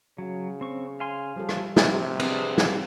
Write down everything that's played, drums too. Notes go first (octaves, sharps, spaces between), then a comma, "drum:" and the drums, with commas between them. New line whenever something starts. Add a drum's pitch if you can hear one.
C#3 F#3
C4 C#6
F5 G#5 C6
F3 G3 G4 A4
drum: rim click
C3 F3 B3 D#4, drum: snare
C4 D4 G#4 B4, drum: cymbal
drum: snare